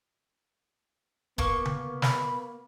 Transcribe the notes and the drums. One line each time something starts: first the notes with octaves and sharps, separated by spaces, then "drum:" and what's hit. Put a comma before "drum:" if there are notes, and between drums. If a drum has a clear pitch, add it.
A#3 B3 C#6, drum: kick D#1
drum: tom C#3
B5, drum: snare